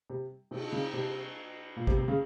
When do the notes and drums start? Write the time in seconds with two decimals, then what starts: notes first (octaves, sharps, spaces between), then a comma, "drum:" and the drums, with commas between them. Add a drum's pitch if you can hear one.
0.10 C3
0.51 C3, drum: cymbal
0.72 C#3
0.93 C3
1.76 A#2
1.87 C3, drum: kick
1.98 C3
2.08 C#3